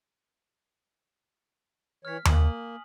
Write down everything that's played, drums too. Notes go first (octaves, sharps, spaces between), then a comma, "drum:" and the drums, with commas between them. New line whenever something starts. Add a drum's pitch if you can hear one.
E3 C#5 F6 B6
A#3 G#5 D#6 F#7, drum: tom D#2